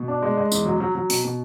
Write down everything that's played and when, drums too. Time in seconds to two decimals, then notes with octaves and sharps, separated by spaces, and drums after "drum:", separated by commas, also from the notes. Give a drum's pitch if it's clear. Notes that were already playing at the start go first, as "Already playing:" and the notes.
Already playing: B2
0.08 D4
0.23 G#3
0.37 G#3
0.52 E2, drum: tambourine
0.66 F#3
0.80 F#3
0.95 F#3
1.10 B2, drum: open hi-hat
1.24 B2